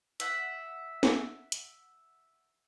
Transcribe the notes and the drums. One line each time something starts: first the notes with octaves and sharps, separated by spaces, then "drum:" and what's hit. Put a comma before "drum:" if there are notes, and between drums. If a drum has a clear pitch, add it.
E5 F#5, drum: hi-hat
drum: snare
drum: hi-hat